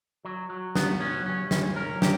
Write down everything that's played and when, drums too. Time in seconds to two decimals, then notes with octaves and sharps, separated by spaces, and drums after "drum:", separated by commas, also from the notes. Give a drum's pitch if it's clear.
0.25 F#3
0.50 F#3
0.75 B3, drum: snare
1.00 C#4
1.26 C#4
1.51 C#4, drum: snare
1.76 A#4
2.02 G4, drum: snare